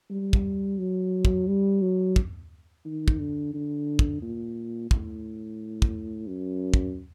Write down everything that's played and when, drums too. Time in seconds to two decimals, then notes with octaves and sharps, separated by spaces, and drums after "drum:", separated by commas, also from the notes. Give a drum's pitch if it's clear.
0.10 G3
0.33 drum: kick
0.79 F#3
1.25 drum: kick
1.48 G3
1.82 F#3
2.16 drum: kick
2.85 D#3
3.08 drum: kick
3.19 D3
3.54 D3
3.99 drum: kick
4.22 A#2
4.91 A2, drum: kick
5.82 drum: kick
6.27 F#2
6.74 drum: kick